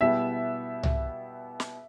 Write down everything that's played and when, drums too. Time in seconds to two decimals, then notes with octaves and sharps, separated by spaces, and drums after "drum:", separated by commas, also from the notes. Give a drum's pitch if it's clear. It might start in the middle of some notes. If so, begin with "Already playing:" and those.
0.01 B2 G3 B3 E4 G4 E5
0.83 drum: tom C2
1.60 drum: snare